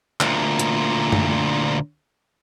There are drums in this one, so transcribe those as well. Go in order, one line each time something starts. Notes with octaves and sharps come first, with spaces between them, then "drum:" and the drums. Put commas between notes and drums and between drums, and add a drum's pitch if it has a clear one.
D2 A#2, drum: clap
drum: hi-hat
drum: tom